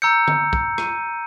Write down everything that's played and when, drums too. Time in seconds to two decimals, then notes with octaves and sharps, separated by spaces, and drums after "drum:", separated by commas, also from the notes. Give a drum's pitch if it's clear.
0.02 A#5 E6 G6 C#7
0.28 drum: tom D3
0.53 drum: kick
0.78 D#7, drum: rim click